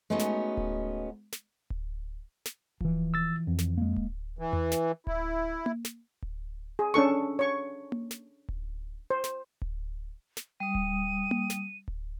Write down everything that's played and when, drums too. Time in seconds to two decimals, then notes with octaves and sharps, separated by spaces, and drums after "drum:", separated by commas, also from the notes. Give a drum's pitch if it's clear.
0.10 G#3 A3 B3 C#4 D#4 F#4
0.20 drum: snare
0.57 drum: kick D1
1.33 drum: snare
1.70 drum: kick D1
2.46 drum: snare
2.81 E3 F3, drum: kick D1
3.14 E6 A6
3.47 F2
3.59 drum: snare
3.78 G#3 A#3
3.96 drum: kick D1
4.39 E3
4.53 drum: tom E2
4.72 drum: snare
5.07 E4, drum: kick D1
5.66 drum: tom A#3
5.85 drum: snare
6.22 drum: kick D1
6.79 G#4
6.94 C#4 D4 A4 C#6
7.39 C#5 C#6
7.92 drum: tom A#3
8.11 drum: snare
8.49 drum: kick D1
9.10 C5
9.24 drum: snare
9.62 drum: kick D1
10.37 drum: snare
10.60 G3 D#6 D#7
10.75 drum: kick D1
11.31 drum: tom A#3
11.50 drum: snare
11.88 drum: kick D1